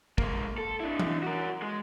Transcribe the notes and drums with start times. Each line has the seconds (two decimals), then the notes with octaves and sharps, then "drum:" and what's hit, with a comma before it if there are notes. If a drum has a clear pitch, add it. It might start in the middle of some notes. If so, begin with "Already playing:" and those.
0.18 G#3 A#3, drum: kick
0.58 A4
0.80 D4 E4
0.99 drum: tom E3
1.23 F#4 A#4
1.62 G#3